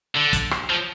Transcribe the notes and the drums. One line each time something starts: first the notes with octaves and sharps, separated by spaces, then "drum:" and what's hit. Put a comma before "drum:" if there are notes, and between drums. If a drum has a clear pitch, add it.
D3
drum: kick, hi-hat
drum: rim click
F3